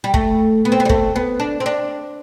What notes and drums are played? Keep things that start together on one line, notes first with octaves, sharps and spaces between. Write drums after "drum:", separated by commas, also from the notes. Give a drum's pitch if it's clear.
G3
A3, drum: kick
B3
C4
B3
G3
A3, drum: kick
B3
D4
C4
D4